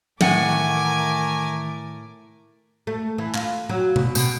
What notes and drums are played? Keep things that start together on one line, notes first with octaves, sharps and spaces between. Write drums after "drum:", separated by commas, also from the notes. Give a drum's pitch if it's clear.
A2 D#3 E3 A3 A#4 F#5 G#5 D6, drum: tom
A3
E3
F4, drum: clap
F#3
B2, drum: tom C3
B2, drum: tambourine